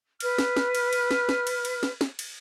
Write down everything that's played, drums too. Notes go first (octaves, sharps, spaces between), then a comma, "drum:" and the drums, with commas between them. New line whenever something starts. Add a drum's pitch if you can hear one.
B4 F6, drum: cymbal
drum: snare
drum: snare
drum: cymbal
drum: cymbal
drum: snare
drum: snare
drum: cymbal
drum: cymbal
drum: snare
drum: snare
drum: cymbal